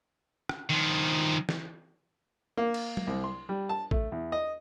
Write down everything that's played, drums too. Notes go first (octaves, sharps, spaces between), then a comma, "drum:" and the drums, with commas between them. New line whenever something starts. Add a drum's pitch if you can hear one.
drum: rim click
D#3 F3
drum: snare
A#3
drum: cymbal
drum: tom
C2
C6
G3
A5
A3, drum: kick
E2
D#5